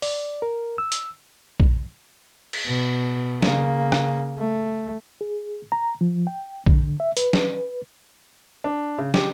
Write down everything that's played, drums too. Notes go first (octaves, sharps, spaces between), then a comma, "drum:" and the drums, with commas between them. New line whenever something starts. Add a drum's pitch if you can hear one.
D5, drum: open hi-hat
A#4
E6
drum: hi-hat
drum: kick
drum: cymbal
B2
C#3 A#3, drum: snare
drum: rim click
A3
G#4
A#5
F3
G5
D3, drum: kick
E5
B4, drum: hi-hat
drum: snare
D4
C#3
G4, drum: snare